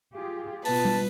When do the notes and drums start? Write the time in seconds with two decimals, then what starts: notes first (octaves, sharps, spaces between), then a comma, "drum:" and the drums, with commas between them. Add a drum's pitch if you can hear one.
0.15 F4 G4 G#4
0.65 B2 B3 F4 B4 A5, drum: open hi-hat
0.85 drum: tom G3